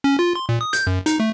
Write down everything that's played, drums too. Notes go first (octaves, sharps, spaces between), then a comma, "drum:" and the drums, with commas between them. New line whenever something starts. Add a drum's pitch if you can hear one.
C#4
F4
C6
A#2
D#6
G6, drum: hi-hat
F#2
D#4, drum: hi-hat
A3